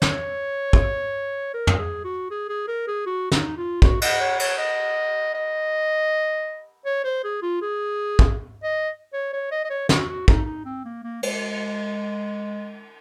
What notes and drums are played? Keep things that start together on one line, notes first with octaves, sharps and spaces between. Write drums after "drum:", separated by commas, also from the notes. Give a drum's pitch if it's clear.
C#5, drum: snare
drum: kick
A#4
drum: tom
G#4
F#4
G#4
G#4
A#4
G#4
F#4
D#4, drum: snare
F4
F#4, drum: kick
D#5, drum: cymbal
C#5
C#5, drum: cymbal
D#5
D#5
C#5
C5
G#4
F4
G#4
drum: kick
D#5
C#5
C#5
D#5
D#5
C#5
F#4, drum: snare
F#4
D#4, drum: kick
D#4
C4
A#3
A#3
G#3, drum: cymbal